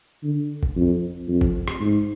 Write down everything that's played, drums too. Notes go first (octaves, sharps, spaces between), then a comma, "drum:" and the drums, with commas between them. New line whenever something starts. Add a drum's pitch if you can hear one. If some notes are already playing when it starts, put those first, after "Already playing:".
D3
drum: kick G#1
F2
F2
drum: kick G#1
drum: rim click
G#2